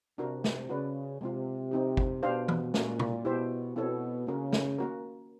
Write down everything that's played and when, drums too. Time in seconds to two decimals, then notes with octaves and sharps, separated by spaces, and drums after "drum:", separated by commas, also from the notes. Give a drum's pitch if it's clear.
0.18 C3 D4 F#4 A#4
0.44 drum: snare
0.69 C#3 F#4 B4 D5
1.20 C3 G#3 C4 F4
1.71 C4 D#4 G4
1.97 drum: kick
2.23 B2 D4 G4 C5 F5
2.48 drum: tom E3
2.74 A#2 G#3 C#4 F#4, drum: snare
2.99 drum: tom
3.25 B2 E4 G4 C5 E5
3.76 B2 C4 E4 A4 C#5
4.27 C#3 A#3 C#4 F#4 A#4
4.53 drum: snare
4.78 A#3 C#4 F#4 A#4